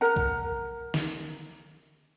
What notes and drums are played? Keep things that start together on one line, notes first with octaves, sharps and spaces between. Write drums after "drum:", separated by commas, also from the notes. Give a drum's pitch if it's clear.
A#4 F#5 A#5
drum: kick B1
drum: snare